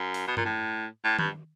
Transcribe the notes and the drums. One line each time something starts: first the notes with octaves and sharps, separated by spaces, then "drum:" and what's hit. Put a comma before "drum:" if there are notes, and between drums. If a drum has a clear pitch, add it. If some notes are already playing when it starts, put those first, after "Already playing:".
Already playing: F#2
drum: open hi-hat
B2
A#2, drum: tom G2
A2
A2
G2, drum: tom D#3